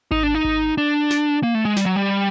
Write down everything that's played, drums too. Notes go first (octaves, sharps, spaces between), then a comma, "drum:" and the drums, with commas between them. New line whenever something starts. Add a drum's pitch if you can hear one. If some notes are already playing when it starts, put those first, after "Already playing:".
D#4, drum: kick G#1
D4
D#4
drum: kick G#1
D4
drum: snare
A#3
A3
G#3
G3, drum: snare
F#3
G3